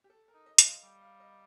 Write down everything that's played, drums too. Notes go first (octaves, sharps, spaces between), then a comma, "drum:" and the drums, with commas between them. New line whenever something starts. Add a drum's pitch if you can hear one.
G4
A4
A#4
D#4
D#5
F3 D#5, drum: hi-hat
F5
G3 G5
F5
D#5